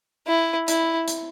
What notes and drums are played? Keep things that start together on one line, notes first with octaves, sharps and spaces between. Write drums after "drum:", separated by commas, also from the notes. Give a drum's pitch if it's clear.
E4
E4, drum: hi-hat
drum: hi-hat